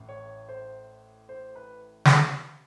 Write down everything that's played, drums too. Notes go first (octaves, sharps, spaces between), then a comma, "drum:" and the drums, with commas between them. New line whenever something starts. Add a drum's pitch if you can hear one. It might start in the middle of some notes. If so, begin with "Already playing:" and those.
Already playing: A1 A2
C#5
C5
C5
B4
drum: snare